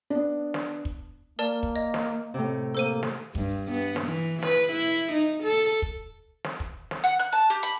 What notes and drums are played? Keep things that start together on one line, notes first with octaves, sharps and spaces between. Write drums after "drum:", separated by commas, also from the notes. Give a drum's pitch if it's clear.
B3 D4
drum: snare
drum: kick
A#3 A#4 D5 A5
drum: kick
D#5
drum: snare
A2 C3
A#3 A4 C5 D#7
drum: snare
G2, drum: kick
B3
drum: snare
E3
B4, drum: snare
E4
D#4
A4
drum: kick
drum: snare
drum: kick
drum: snare
F#5
F#6
A5
G4
B5